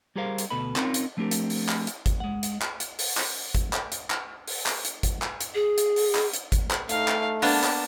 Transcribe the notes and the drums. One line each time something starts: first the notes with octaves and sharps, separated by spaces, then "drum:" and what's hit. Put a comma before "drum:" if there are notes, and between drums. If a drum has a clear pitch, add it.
G3 G4 G#4 A#4 C5 F5
drum: hi-hat
D2 B2 A4 B4 B5
C4 C#4 D#4 F4 A#4 C#5, drum: clap
drum: hi-hat
F3 A3 C4 D4 G4 A#4
drum: hi-hat
drum: open hi-hat
drum: clap
drum: hi-hat
drum: kick G#1, hi-hat
G#3 F#5
drum: hi-hat
drum: clap
drum: hi-hat
drum: open hi-hat
drum: clap
drum: kick G#1, hi-hat
drum: clap
drum: hi-hat
drum: clap
drum: open hi-hat
drum: clap
drum: hi-hat
drum: kick G#1, hi-hat
drum: clap
drum: hi-hat
G#4
drum: hi-hat
drum: open hi-hat
drum: clap
drum: hi-hat
drum: kick G#1, hi-hat
drum: clap
A3 D#4 F5, drum: hi-hat
drum: clap
A#3 B3 D4 A5, drum: open hi-hat
drum: clap